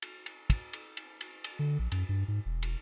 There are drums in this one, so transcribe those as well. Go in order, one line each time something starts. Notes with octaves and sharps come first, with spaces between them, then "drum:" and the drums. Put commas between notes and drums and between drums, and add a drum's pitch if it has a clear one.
drum: cymbal
drum: cymbal
drum: kick, cymbal
drum: cymbal
drum: cymbal
drum: cymbal
drum: cymbal
D3
A#1
F#2, drum: cymbal
G2
G#2
E1
drum: cymbal